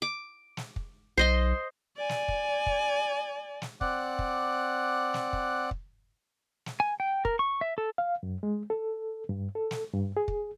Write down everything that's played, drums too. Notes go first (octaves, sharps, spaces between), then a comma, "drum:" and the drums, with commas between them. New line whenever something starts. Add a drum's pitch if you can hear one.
D6
drum: snare
drum: kick
B1 C5 D#5 C6
D5 G#5
drum: snare
drum: kick
drum: kick
drum: snare
C4 D5 F#5 D6 F#6, drum: kick
drum: kick
drum: snare
drum: kick
drum: kick
drum: snare
G#5
G5
A#4, drum: kick
C#6
E5
A4
F5
F#2
G#3
A4
G2
A4
drum: snare
G2
G#4
drum: kick